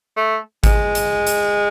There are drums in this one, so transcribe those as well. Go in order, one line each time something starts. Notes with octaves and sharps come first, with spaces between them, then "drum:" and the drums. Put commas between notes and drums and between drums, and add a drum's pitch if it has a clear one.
A3
G#3, drum: kick G#1, hi-hat
drum: hi-hat
drum: hi-hat